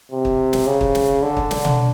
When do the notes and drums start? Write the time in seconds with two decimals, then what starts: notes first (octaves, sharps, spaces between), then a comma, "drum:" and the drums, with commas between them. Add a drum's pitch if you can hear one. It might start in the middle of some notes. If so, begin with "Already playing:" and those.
0.11 C3
0.25 drum: kick
0.53 drum: snare
0.67 C#3
0.81 drum: kick
0.95 drum: snare
1.23 D3
1.37 drum: kick
1.51 drum: snare
1.65 drum: tom B2